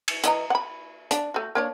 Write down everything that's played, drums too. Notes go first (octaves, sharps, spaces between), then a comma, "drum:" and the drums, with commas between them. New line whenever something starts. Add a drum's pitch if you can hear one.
drum: cymbal
E3 D#5 A#5, drum: hi-hat
F#5 B5
D4, drum: hi-hat
A3 F#4
A#3 D4 C#5